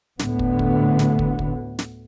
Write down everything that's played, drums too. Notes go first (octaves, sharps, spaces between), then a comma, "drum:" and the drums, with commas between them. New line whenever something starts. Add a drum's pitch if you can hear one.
D2 A2 D3 B3, drum: snare
drum: kick
drum: kick
drum: snare
drum: kick
drum: kick
drum: snare